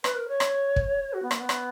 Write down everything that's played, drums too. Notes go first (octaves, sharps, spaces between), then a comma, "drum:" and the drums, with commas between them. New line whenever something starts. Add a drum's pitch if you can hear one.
B4, drum: rim click
A#4
C#5
drum: rim click
drum: kick
F#4
B3
A#3, drum: rim click
B3
drum: rim click